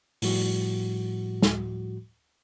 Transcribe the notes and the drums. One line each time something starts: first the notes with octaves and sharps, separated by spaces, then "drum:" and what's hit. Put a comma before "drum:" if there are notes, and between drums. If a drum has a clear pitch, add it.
A2 F3 G3 F#4, drum: open hi-hat
drum: snare